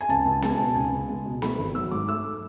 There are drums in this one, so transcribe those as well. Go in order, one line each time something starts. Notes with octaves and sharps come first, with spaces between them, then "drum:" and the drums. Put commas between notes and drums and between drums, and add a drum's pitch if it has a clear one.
G#5
C#2 A5
C#2
G#3 A5, drum: snare B3
G#5
B2 A5
C#2 G#5
C#2
G#3
B2
A3 B5, drum: snare B3
G#1
F#3 E6
G#2 D6
A3 E6